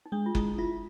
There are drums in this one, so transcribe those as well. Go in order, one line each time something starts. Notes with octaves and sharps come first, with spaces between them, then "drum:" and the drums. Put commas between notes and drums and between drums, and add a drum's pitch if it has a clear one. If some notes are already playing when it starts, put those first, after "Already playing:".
D#4
G#3 D4
F4
G#3 E4, drum: kick F#1
E4 F4